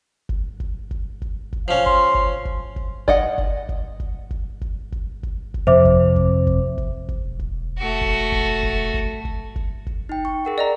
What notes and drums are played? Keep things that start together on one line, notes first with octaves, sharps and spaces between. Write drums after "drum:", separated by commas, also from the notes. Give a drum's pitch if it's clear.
drum: kick
drum: kick
drum: kick
drum: kick
drum: kick
F3 C#4 F5
C6, drum: kick
drum: kick
drum: kick
drum: kick
D5 D#5 F#5, drum: kick
drum: kick
drum: kick
drum: kick
drum: kick
drum: kick
drum: kick
drum: kick
drum: kick
F2 C3 C5 E5 D6
drum: kick
drum: kick
drum: kick
drum: kick
drum: kick
E1
drum: kick
A3 F#4
drum: kick
drum: kick
drum: kick
drum: kick
drum: kick
drum: kick
drum: kick
D#4 G5
C#6
G#4 A#4 F#5
D5 D#5 A#5